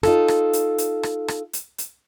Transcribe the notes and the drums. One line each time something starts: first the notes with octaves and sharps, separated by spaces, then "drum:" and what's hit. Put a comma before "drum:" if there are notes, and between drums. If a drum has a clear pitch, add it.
D#4 F4 A4, drum: rim click
drum: rim click
drum: hi-hat
drum: hi-hat
drum: rim click
drum: rim click
drum: hi-hat
drum: hi-hat